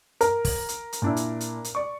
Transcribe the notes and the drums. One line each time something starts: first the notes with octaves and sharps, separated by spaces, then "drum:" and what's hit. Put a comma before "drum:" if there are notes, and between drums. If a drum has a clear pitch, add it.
A#4, drum: hi-hat
drum: kick, open hi-hat
drum: hi-hat
drum: hi-hat
A#2 D4 E4
drum: hi-hat
drum: hi-hat
drum: hi-hat
D5 C#6